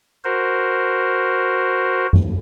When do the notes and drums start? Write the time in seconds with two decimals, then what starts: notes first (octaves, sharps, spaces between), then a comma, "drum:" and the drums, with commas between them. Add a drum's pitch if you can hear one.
0.24 F#4 A#4 C5
2.13 drum: tom F#2